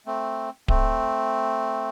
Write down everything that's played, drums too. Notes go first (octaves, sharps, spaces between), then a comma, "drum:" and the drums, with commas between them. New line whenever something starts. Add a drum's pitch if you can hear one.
A3 C4
A3 C4, drum: kick D1